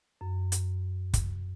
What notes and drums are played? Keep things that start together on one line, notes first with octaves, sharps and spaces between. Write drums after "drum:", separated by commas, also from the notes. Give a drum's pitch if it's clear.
F#2
drum: hi-hat
drum: kick, hi-hat